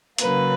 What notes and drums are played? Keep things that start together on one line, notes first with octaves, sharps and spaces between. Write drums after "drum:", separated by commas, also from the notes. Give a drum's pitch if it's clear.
C#3 F#3 A#3 B4, drum: hi-hat